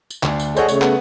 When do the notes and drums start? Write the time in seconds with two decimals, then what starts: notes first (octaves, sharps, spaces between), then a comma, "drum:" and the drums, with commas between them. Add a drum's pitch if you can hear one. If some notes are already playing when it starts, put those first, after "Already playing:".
0.10 drum: tambourine
0.23 D2 D4, drum: clap
0.39 drum: tambourine
0.57 G#4 A4 C5 C#5 D#5 F#5, drum: tambourine
0.68 C#3 A3 C#5, drum: tambourine
0.81 B3 F#5, drum: clap